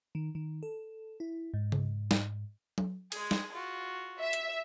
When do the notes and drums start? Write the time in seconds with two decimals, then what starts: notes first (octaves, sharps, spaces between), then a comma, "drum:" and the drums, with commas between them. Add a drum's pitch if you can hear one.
0.15 D#3
0.35 D#3
0.63 A4
1.20 E4
1.54 G#2
1.72 drum: tom C#3
2.11 drum: snare
2.78 drum: tom F#3
3.12 G#3 G#4, drum: cymbal
3.31 drum: snare
3.52 F4 F#4
4.20 E5
4.33 drum: hi-hat